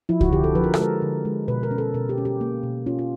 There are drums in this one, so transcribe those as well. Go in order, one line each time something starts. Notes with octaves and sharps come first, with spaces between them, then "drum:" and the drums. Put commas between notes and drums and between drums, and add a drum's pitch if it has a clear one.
F3 E4
F#4, drum: kick C2
D3 G4
A4
F3 B4
A#4
A4, drum: rim click
G#3 A#4
D3
G#3
B2 B4
A#4
C#4
A4
B2 A#4
G4
C#4
G4
A#3
B2
C#4 F4
F4